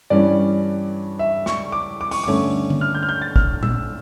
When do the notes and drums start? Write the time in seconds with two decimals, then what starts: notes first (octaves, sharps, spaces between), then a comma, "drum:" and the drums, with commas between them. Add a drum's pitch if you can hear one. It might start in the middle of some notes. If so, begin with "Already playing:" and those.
0.10 G2 E3 G3 C#4 D5
1.19 E5
1.46 C#6, drum: snare
1.72 D6
2.01 D6
2.11 C#6, drum: open hi-hat
2.24 G2 D3 A3 C#4 D6
2.70 drum: tom D3
2.81 F6
2.94 G6
3.03 F6
3.09 G6
3.22 A6
3.36 F6, drum: kick
3.63 E6, drum: tom A#2